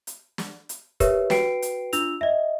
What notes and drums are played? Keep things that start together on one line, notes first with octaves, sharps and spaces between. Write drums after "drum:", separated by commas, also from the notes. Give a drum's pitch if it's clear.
drum: hi-hat
drum: snare
drum: hi-hat
G4 A#4 B4 C#5 E5, drum: kick, hi-hat
F#4 B4 G5 C7 D7, drum: snare
drum: hi-hat
D4 F4 E6 F7, drum: hi-hat
D#5 E5